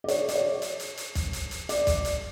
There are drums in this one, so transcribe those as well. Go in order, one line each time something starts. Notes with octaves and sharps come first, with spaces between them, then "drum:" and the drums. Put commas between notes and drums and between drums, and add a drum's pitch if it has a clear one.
D5
C#5, drum: hi-hat
D5, drum: hi-hat
C#5
drum: hi-hat
drum: hi-hat
drum: hi-hat
drum: kick, hi-hat
drum: hi-hat
drum: hi-hat
D5, drum: hi-hat
drum: kick, hi-hat
drum: hi-hat